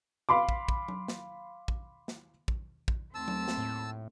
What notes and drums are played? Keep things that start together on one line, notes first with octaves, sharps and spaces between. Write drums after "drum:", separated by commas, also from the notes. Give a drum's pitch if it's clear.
F5 B5 C6 D6
drum: kick
drum: kick
drum: tom F#3
drum: snare
drum: kick
drum: snare
drum: kick
drum: kick
D#2 A3 C4 A5 E6
drum: tom F#3
drum: snare
A2